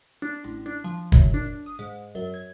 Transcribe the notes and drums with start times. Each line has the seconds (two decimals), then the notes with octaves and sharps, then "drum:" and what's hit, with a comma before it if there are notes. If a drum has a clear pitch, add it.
0.22 D4
0.44 A1
0.66 D4
0.84 F3
1.12 F#2, drum: kick
1.34 D4
1.66 D#6
1.79 G#2
2.15 F#2
2.34 G#6